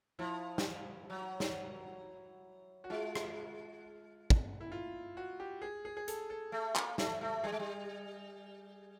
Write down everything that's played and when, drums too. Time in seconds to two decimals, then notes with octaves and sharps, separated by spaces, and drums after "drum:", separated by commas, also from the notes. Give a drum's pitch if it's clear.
0.19 F3 E4
0.58 drum: snare
1.10 F#3
1.40 drum: snare
2.84 F#4
2.90 G#3 F4
3.15 drum: rim click
4.30 drum: kick
4.61 E4
4.72 F4
5.17 F#4
5.40 G4
5.62 G#4
5.85 G#4
5.97 G#4
6.08 A4, drum: hi-hat
6.30 A4
6.52 A3
6.76 A#3, drum: clap
6.98 A3, drum: snare
7.21 A3
7.44 G3 G#4
7.52 G#3
7.59 G3